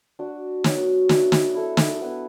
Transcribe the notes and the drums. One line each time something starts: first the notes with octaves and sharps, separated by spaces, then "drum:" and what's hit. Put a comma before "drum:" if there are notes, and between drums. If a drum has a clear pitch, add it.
D4 F#4 D5
F#3 B3 F#4, drum: snare
D4 B4 E5, drum: snare
drum: snare
E4 A4 E5
drum: snare
B3 D4 B4